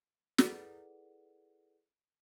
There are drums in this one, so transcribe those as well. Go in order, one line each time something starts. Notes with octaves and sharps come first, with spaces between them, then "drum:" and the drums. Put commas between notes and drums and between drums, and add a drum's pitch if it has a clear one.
E4 G#4 A4 B4 D5 F#5, drum: snare